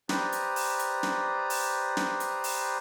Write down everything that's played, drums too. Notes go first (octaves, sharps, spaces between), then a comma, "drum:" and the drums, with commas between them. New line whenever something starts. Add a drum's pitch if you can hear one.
G4 B4 C5 D5 A#5 D#6, drum: snare
drum: hi-hat
drum: open hi-hat
drum: hi-hat
drum: snare
drum: open hi-hat
drum: snare
drum: hi-hat
drum: open hi-hat